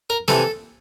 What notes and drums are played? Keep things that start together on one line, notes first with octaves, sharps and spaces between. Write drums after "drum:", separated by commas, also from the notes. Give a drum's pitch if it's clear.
A#4
C3 E3 A4, drum: snare